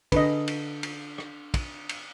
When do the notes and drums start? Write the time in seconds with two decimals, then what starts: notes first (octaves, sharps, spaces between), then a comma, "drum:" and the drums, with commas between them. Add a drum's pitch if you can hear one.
0.12 D3 B4 D#5, drum: kick, cymbal
0.47 drum: cymbal
0.83 drum: cymbal
1.18 drum: rim click
1.54 drum: kick, cymbal
1.89 drum: cymbal